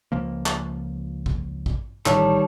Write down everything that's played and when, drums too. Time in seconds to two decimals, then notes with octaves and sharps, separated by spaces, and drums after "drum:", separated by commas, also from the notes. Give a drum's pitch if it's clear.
0.12 C#2 F3 A#3
0.46 drum: clap
1.26 drum: kick
1.66 drum: kick
2.06 A1 D#3 G3 C#5 A5, drum: clap